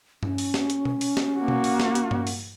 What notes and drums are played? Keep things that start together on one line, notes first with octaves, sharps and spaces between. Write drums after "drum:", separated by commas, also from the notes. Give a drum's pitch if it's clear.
C#4, drum: tom G2
drum: open hi-hat
drum: snare
drum: hi-hat
drum: tom B2
drum: open hi-hat
drum: snare
A#3 F#4
drum: tom B2
drum: open hi-hat
drum: snare
drum: hi-hat
drum: tom G2
drum: open hi-hat